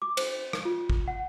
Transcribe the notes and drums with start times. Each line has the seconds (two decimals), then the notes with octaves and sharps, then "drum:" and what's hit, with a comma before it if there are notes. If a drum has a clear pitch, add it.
0.02 D6
0.17 C5, drum: cymbal
0.53 drum: rim click
0.65 F4
0.90 drum: kick
1.08 F#5